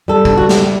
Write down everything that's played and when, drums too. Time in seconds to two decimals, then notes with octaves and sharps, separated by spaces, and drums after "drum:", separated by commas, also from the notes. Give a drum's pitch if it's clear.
0.08 G3 A4
0.25 B2, drum: kick
0.37 G3 F#4
0.49 G4, drum: snare
0.57 G3